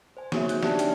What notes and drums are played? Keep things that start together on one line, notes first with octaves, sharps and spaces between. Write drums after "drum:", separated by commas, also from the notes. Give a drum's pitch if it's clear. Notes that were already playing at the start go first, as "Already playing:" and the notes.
C5 G#5
A#3 D#4 F#4 G#4 C#5 E5, drum: snare
F#6 G6, drum: hi-hat
D4 G4 C#5 D5 E5 A5, drum: snare
G5 F6, drum: hi-hat